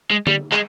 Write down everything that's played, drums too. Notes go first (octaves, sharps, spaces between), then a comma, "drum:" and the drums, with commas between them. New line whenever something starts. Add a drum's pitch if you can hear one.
G#3
G3, drum: tom
G#3, drum: clap